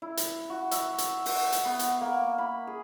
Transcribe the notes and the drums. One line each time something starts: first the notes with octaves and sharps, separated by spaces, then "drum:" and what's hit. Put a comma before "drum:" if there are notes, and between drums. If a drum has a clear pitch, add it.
E4
drum: hi-hat
F#4
E5, drum: hi-hat
drum: hi-hat
F#4, drum: open hi-hat
drum: hi-hat
B3
drum: hi-hat
A#3
B5
G#4